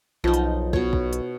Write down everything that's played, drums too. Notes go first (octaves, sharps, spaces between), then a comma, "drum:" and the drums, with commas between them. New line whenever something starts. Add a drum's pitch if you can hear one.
B1 F3 D#4
drum: hi-hat
B2 C#5, drum: kick
drum: kick
drum: hi-hat